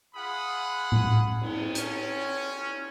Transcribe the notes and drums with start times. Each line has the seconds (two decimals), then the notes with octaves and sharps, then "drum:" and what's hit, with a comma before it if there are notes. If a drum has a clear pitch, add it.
0.15 F4 G#4 F#5 B5 D#6
0.92 drum: tom A2
1.41 drum: cymbal
1.75 C#4, drum: hi-hat